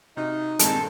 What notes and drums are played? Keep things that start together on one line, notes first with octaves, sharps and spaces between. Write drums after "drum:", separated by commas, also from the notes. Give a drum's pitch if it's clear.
C3 D#4 F#4 F6
G2 A#2 D#3 G#3 C4 A4, drum: hi-hat